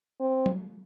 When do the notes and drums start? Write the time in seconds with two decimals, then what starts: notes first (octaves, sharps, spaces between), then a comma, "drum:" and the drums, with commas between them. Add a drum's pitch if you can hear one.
0.20 C4
0.46 drum: tom F#3